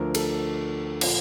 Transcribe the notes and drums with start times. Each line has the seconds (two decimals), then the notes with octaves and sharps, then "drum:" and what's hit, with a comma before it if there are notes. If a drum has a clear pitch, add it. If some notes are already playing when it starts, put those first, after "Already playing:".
Already playing: D2 D3 F3 A#4
0.15 A4, drum: cymbal
1.01 A#2 F3, drum: cymbal